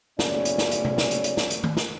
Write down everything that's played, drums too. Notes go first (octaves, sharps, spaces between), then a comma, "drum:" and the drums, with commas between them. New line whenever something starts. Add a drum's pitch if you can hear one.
F#1 B1 A2 C#4 D5, drum: snare
drum: hi-hat
drum: snare
drum: hi-hat
drum: tom C3
drum: snare
drum: hi-hat
drum: hi-hat
drum: snare
drum: hi-hat
drum: tom D#3
drum: snare